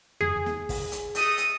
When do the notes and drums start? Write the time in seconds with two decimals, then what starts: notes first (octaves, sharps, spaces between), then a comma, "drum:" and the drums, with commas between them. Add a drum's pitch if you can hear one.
0.21 G#4, drum: tom E2
0.46 drum: snare
0.69 drum: kick, open hi-hat
0.92 drum: hi-hat
1.15 A3 D#5 D#6, drum: hi-hat
1.38 drum: hi-hat